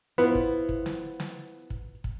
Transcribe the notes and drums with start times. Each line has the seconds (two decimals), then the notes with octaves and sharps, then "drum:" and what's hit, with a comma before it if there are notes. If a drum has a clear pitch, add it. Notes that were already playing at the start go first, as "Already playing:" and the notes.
0.18 B3 E4 F4 C5
0.35 drum: kick
0.69 drum: kick
0.86 drum: snare
1.20 drum: snare
1.70 drum: kick
2.04 drum: kick